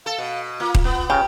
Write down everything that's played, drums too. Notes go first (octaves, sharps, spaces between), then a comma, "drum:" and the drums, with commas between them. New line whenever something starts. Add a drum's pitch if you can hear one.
A4 F5
B2
A#3 F4
drum: kick D#1
B3
C#3 G4